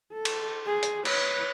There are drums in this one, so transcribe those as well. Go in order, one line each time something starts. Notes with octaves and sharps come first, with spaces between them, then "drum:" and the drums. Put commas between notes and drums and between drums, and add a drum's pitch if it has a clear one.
A4
drum: cymbal
G#4
drum: hi-hat
B4 C#5, drum: cymbal